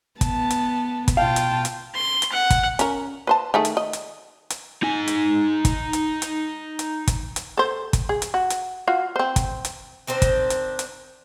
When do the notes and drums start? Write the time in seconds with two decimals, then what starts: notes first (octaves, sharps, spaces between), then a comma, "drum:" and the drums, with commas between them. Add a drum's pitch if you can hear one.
0.21 B3 A5, drum: kick, hi-hat
0.50 drum: hi-hat
1.08 drum: kick, hi-hat
1.17 B2 F4 F5 G5 A5
1.36 drum: hi-hat
1.65 drum: hi-hat
1.95 C6
2.22 drum: hi-hat
2.32 F#5
2.50 drum: kick, hi-hat
2.79 C#4 A#4, drum: hi-hat
3.27 B4 C5 A5
3.54 D#3 A3 G#4
3.65 drum: hi-hat
3.77 D#5
3.93 drum: hi-hat
4.50 drum: hi-hat
4.83 D#4 G#5
5.08 drum: hi-hat
5.65 drum: kick, hi-hat
5.93 drum: hi-hat
6.22 drum: hi-hat
6.79 drum: hi-hat
7.08 drum: kick, hi-hat
7.36 drum: hi-hat
7.57 A4 C5
7.93 drum: kick, hi-hat
8.09 G#4
8.22 drum: hi-hat
8.34 F#4
8.50 drum: hi-hat
8.88 F4 F#4
9.16 C4 C5
9.36 drum: kick, hi-hat
9.65 drum: hi-hat
10.07 D#3 C4 D4 C5
10.22 drum: kick, hi-hat
10.50 drum: hi-hat
10.79 drum: hi-hat